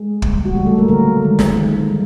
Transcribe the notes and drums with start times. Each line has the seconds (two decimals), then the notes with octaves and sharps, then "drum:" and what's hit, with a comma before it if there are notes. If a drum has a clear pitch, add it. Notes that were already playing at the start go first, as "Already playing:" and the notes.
Already playing: G#3 G#4
0.22 C#3 E3 G3 A#3, drum: kick
0.45 F#4
0.55 D3 F#3 G3 A3 G4
0.66 A3 A4
0.78 A#3 A#4
0.88 D3 F#3 A3 A#3 A#4
1.22 D#3 G#3
1.39 drum: snare
1.55 D#3 G#3
1.88 D#3 G3